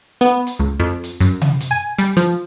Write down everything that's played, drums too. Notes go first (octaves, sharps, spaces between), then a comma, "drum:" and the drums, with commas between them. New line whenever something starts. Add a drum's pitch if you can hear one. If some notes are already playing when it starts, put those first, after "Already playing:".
B3
drum: hi-hat
C#2
F2
drum: hi-hat
F#2, drum: hi-hat
drum: tom C3
drum: hi-hat
G#5
G3, drum: hi-hat
F3, drum: hi-hat